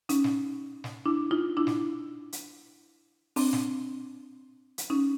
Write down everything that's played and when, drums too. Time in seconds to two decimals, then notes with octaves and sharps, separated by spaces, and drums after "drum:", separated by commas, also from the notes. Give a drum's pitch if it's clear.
0.09 C#4 D#4, drum: hi-hat
0.24 drum: snare
0.84 drum: snare
1.06 D4 E4
1.31 D#4 F4
1.57 D4 E4
1.67 drum: snare
2.33 drum: hi-hat
3.36 C4 D4, drum: open hi-hat
3.53 drum: snare
4.78 drum: hi-hat
4.90 C#4 D#4